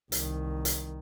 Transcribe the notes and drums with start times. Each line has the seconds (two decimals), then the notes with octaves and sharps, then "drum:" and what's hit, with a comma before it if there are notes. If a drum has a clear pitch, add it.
0.12 C2 D#3, drum: hi-hat
0.65 drum: hi-hat